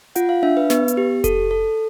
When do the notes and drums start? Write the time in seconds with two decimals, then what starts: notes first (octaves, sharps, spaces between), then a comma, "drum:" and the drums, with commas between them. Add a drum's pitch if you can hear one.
0.16 F4 F#5, drum: hi-hat
0.29 F5
0.43 D4 E5
0.57 B4
0.70 B3 B4, drum: snare
0.88 drum: hi-hat
0.97 G4
1.24 A4, drum: kick F1, hi-hat
1.51 A4